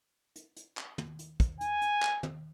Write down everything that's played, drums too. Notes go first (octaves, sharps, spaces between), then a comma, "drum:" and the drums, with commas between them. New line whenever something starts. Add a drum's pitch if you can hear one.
drum: hi-hat
drum: hi-hat
drum: clap
drum: tom
drum: hi-hat
drum: kick, hi-hat
G#5, drum: hi-hat
drum: hi-hat
drum: clap
drum: tom